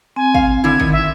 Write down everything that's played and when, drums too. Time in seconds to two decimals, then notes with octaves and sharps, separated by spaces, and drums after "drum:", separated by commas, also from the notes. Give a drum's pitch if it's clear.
0.16 C4 G#5
0.34 F5, drum: kick
0.64 D3 E4 G#6
0.80 D#3, drum: kick
0.93 E5